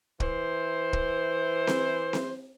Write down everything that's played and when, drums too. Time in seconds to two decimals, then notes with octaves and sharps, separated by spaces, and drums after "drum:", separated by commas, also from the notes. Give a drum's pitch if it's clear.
0.20 E3 C5, drum: kick
0.93 drum: kick
1.67 drum: snare C4
2.13 drum: snare C4